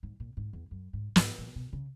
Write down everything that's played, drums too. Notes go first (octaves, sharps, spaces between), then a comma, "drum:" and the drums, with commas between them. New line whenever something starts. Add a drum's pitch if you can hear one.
G#2
A#2
G#2
E2
F#2
G#2
G#2, drum: snare
A#2
B2
C#3